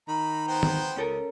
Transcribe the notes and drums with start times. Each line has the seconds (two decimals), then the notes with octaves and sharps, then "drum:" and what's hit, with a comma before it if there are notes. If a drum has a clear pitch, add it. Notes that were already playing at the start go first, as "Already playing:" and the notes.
0.08 D#3 A#5 B5
0.48 B3 C5 G5
0.63 drum: tom D#3
0.96 C#2 C#4 A4 A#4